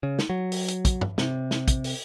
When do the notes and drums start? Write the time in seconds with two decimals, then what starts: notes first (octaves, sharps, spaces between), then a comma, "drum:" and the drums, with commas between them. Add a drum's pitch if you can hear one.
0.03 C#3
0.19 drum: snare
0.29 F#3
0.52 drum: open hi-hat
0.68 drum: hi-hat
0.85 drum: kick, hi-hat
1.01 drum: tom G2
1.18 C3, drum: snare
1.51 drum: snare
1.68 drum: kick, hi-hat
1.84 drum: open hi-hat